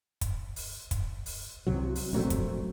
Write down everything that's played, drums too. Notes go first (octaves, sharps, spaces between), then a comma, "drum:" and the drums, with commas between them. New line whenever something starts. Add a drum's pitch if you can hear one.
drum: kick, hi-hat
drum: open hi-hat
drum: kick, hi-hat
drum: open hi-hat
C2 C3 F#3
drum: open hi-hat
A#1 F#3 A3 C4
drum: kick, hi-hat